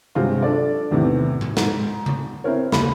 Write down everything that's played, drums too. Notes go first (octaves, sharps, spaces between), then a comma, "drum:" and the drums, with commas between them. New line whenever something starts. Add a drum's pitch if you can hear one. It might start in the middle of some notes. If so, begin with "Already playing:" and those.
G2 C3 F#3 G#3 C4 F4
D4 A4 D5
E2 A2 C3 D#3 E3
drum: tom A2
G#2, drum: snare
drum: tom C#3
C4 E4 A#4 C#5
F#1 D#2 B5, drum: snare